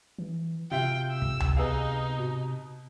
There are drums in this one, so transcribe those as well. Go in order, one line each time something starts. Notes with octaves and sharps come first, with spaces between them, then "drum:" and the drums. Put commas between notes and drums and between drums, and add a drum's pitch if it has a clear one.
E3
C3 F4 E5 G5
E6
drum: kick
drum: tom C#2
B3 D#4 G#4 F5
B2